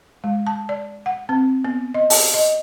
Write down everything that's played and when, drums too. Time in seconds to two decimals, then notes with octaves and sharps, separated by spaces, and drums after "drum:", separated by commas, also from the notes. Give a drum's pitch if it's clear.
0.24 G#3
0.47 A5
0.69 D5
1.06 F#5
1.29 C4
1.65 B3
1.94 D#5
2.10 A5, drum: open hi-hat
2.34 D#5